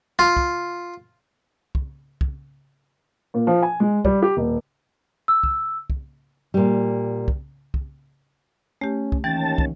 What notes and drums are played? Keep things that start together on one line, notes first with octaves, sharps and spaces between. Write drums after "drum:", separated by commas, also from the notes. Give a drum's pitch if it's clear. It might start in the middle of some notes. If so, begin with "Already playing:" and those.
F4
drum: kick
drum: kick
drum: kick
A#2
F3
G#5
G#3
G3, drum: kick
G4
D#1
E6
drum: kick
drum: kick
A#2 G3
drum: kick
drum: kick
A3 C#4 G4
drum: kick
D#2 E3 C#4 G5 A5
drum: kick